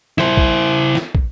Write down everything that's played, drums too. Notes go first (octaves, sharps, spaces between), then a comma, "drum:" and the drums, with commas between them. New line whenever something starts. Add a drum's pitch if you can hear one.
E4 C5, drum: snare
drum: kick
drum: snare
drum: kick